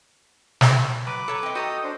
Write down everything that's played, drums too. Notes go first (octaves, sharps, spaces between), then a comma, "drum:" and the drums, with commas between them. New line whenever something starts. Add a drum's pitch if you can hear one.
drum: snare
F#3 B4 D6
A4 C#5 A#5
C4 D#5
F#4 A4 D#5 G5 A#5 D#6
D4 C5